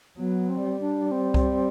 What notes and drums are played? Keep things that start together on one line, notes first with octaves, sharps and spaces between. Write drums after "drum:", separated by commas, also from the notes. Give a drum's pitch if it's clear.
F#3 B3
C4
G3
D4
C4
drum: kick C2